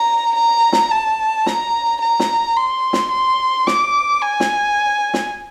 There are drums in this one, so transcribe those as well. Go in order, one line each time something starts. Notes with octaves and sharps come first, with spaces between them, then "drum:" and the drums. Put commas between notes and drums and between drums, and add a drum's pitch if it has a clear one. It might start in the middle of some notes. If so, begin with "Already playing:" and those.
Already playing: A#5
A#5
drum: snare
A5
A#5, drum: snare
A#5
drum: snare
C6
drum: snare
C6
D6, drum: snare
G#5
drum: snare
drum: snare